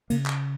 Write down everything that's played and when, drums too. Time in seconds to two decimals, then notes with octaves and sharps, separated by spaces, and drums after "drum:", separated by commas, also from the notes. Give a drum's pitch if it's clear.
0.10 C#3 A#3, drum: cymbal
0.26 drum: clap